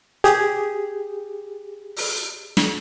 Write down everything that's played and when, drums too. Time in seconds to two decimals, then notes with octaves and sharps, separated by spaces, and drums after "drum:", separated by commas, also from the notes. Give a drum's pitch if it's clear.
0.24 G4 G#4, drum: hi-hat
1.97 drum: open hi-hat
2.57 drum: snare